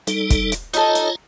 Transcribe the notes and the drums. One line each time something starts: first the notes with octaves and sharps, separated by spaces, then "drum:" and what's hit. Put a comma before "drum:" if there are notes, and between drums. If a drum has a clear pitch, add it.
G3 D#4 A4, drum: hi-hat
drum: kick, hi-hat
drum: hi-hat
D#4 F4 A4 C#5 D#5, drum: hi-hat
drum: hi-hat